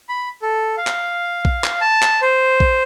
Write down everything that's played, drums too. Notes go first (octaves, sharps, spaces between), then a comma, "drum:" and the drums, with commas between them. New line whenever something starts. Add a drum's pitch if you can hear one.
B5
A4
F5
drum: clap
drum: kick A#1
drum: clap
A5
drum: clap
C5
drum: kick A#1